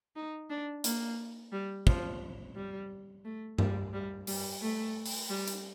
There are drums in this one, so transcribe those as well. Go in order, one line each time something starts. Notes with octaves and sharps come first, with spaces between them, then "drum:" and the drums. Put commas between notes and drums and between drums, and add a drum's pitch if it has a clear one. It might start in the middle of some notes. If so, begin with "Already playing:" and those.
D#4
D4
A#3, drum: hi-hat
G3
F3, drum: kick
G3
A3
G3, drum: tom G2
G3
G3, drum: open hi-hat
A3
drum: open hi-hat
G3
drum: hi-hat